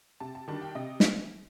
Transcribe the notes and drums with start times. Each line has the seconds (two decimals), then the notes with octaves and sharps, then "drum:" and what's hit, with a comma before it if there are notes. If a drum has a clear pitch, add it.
0.20 C3 A5
0.35 A5
0.48 D#3 G3 D4 A5
0.62 G5
0.75 C3 D#5
1.00 drum: snare